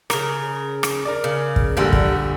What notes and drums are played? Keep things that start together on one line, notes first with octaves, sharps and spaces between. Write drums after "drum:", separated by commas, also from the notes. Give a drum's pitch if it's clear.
C#3 A#4, drum: rim click
drum: rim click
A#4 D5
C#3
drum: kick
A#1 D3 G3 G4 A#4 F#5
drum: kick